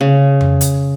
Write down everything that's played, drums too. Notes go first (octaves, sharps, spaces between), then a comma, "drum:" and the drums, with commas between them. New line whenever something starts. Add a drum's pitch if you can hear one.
C#3
drum: tom F2
drum: hi-hat